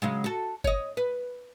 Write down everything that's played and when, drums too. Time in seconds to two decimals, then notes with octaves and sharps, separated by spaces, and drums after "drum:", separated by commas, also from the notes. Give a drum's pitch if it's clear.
0.02 C#3 F#3 G#3
0.24 F#4 A4
0.64 C#5 D#5, drum: kick G1
0.97 B4